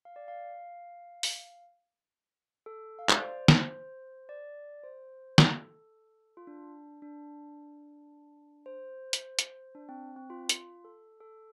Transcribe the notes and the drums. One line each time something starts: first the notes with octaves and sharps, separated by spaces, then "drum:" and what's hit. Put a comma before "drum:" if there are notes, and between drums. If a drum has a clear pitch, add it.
F5
D5
F5
drum: open hi-hat
A4
F5
D5, drum: clap
C5
drum: snare
D5
C5
A4, drum: snare
F4
D4
D4
C5
drum: hi-hat
drum: hi-hat
D4
C4
C4
F4
drum: hi-hat
A4
A4